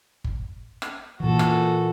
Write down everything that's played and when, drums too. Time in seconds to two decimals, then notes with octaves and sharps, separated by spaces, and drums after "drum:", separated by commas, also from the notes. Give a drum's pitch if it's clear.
0.24 drum: kick G1
0.82 drum: rim click
1.20 A#2 E3 F#4 A4
1.39 drum: rim click